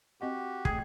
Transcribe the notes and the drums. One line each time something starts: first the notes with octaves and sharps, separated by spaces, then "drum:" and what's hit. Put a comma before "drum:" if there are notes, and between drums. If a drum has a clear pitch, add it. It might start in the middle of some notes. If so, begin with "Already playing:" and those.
C4 F#4 G4 D#5 F#5
A3 G#4 G5 G#6, drum: kick